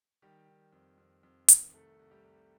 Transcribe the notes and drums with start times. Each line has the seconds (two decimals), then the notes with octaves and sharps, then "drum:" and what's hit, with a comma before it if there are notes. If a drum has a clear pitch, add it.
0.22 D#3 G3 G4
0.48 D#3
0.73 F2
0.98 F2
1.23 F2
1.48 D#3, drum: hi-hat
1.73 C2 A3 A4
1.99 C2
2.11 G3 G4
2.24 C2